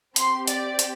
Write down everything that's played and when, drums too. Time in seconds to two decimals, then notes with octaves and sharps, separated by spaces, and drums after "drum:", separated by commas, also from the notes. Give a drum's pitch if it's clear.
0.16 C4 G4 C6, drum: hi-hat
0.47 D5, drum: hi-hat
0.79 drum: hi-hat